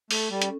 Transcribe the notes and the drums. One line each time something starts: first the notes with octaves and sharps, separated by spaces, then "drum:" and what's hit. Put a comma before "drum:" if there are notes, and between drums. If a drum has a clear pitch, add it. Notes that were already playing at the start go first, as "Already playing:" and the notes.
A3 A4, drum: open hi-hat
G3
C#4, drum: hi-hat